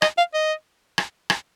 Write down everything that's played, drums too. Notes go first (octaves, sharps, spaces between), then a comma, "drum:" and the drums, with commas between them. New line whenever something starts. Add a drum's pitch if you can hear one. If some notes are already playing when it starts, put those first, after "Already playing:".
D#5, drum: rim click
F5
D#5
drum: rim click
drum: rim click